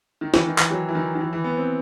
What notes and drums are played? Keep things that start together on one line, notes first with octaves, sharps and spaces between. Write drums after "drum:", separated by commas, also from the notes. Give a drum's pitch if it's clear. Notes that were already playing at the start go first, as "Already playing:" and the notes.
D#3
E3, drum: snare E4
D#3
E3, drum: clap
F#3
E3
D#3
D#3
E3
E3
B3
C4